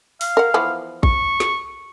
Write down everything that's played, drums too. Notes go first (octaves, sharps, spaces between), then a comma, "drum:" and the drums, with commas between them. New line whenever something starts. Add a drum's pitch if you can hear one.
F5, drum: open hi-hat
A#4 F#5
E3 F3 B3
C#6, drum: kick
drum: snare